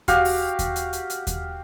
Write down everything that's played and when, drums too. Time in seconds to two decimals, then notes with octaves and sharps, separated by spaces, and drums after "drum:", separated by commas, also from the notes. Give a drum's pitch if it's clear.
0.08 F#4 G4 F5, drum: kick D#2, hi-hat
0.25 drum: open hi-hat
0.59 drum: kick D#2, hi-hat
0.76 drum: hi-hat
0.93 drum: hi-hat
1.10 drum: hi-hat
1.27 drum: kick D#2, hi-hat